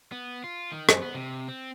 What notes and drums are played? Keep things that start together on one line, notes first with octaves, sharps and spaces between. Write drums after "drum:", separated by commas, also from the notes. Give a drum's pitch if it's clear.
B3
F4
D#3
F#2, drum: rim click
B3
C3
C4